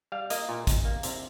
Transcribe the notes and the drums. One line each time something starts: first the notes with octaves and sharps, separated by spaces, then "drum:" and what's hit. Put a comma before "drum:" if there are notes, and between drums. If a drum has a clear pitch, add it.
G3 F5
A#3 D#5, drum: hi-hat
A#2
A#2, drum: kick, hi-hat
A#3
C3, drum: hi-hat